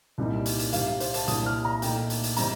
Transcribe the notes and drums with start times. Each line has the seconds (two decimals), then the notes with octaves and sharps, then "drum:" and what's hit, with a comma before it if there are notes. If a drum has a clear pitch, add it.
0.18 C2 A#2 G3 C4 D#4
0.46 drum: hi-hat
0.59 drum: hi-hat
0.73 C3 G3 D4 F5, drum: hi-hat
1.00 C5, drum: hi-hat
1.14 A5, drum: hi-hat
1.28 C2 A#2 G3 D4 D#6, drum: hi-hat
1.46 F6
1.65 A#5
1.82 A#2 A3 D#4 G5, drum: hi-hat
2.10 drum: hi-hat
2.23 drum: hi-hat
2.37 C3 G3 C4 D#4 A#5, drum: hi-hat